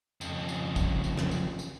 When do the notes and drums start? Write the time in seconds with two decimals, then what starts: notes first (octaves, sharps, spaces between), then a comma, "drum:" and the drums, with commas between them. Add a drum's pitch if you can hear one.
0.21 F2 C#3, drum: tambourine
0.49 drum: tambourine
0.76 drum: kick, tambourine
1.04 drum: tambourine
1.17 drum: snare
1.31 drum: tambourine
1.59 drum: tambourine